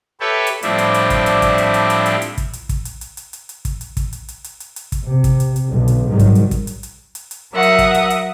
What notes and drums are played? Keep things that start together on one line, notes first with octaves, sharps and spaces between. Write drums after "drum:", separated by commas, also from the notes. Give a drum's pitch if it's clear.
G4 A4 B4 C#5 E5 G5
drum: hi-hat
A2 F3 G3 C4 D4 E4, drum: hi-hat
drum: hi-hat
drum: hi-hat
drum: kick, hi-hat
drum: hi-hat
drum: kick, hi-hat
drum: hi-hat
drum: hi-hat
drum: hi-hat
drum: hi-hat
drum: hi-hat
drum: kick, hi-hat
drum: hi-hat
drum: kick, hi-hat
drum: hi-hat
drum: hi-hat
drum: hi-hat
drum: hi-hat
drum: hi-hat
drum: kick, hi-hat
drum: hi-hat
drum: kick, hi-hat
drum: hi-hat
drum: hi-hat
drum: hi-hat
drum: hi-hat
drum: hi-hat
drum: kick, hi-hat
C3
drum: kick, hi-hat
drum: hi-hat
drum: hi-hat
B1 D3
drum: hi-hat
G#2 C3 D#3 F#3 G3
drum: kick, hi-hat
drum: hi-hat
drum: kick, hi-hat
drum: hi-hat
drum: hi-hat
drum: hi-hat
drum: hi-hat
F#3 A#4 E5 F#5 D#6
drum: hi-hat
drum: kick, hi-hat
drum: hi-hat
drum: hi-hat